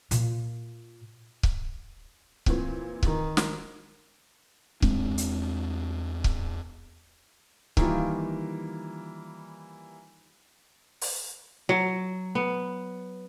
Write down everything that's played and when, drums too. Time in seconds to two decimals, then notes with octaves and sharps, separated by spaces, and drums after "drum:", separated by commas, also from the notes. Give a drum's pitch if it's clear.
0.11 A#2 F4, drum: hi-hat
1.43 drum: kick C#1
2.46 A#2 E3 C4, drum: kick C#1
3.03 D#3, drum: kick C#1
3.37 drum: snare
4.82 E2 G#3 C4 D4, drum: kick C#1
5.18 drum: hi-hat
6.24 drum: kick C#1
7.77 D#3 E3 G3 A#3 F4, drum: kick C#1
11.01 drum: open hi-hat
11.69 F#3
12.35 B3